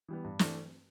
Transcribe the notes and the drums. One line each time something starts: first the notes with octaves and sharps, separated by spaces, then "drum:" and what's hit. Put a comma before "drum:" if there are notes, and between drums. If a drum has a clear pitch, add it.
E3 G3 B3
G2
E3 A3 D4, drum: snare